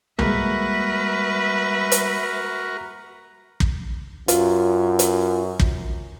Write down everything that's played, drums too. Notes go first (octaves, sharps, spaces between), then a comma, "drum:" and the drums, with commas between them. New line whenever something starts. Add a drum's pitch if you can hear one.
G3 G#3 A#3 F#4 A#4 B4 E5, drum: tom C2
drum: hi-hat
drum: kick
F#2 F4, drum: hi-hat
drum: hi-hat
drum: kick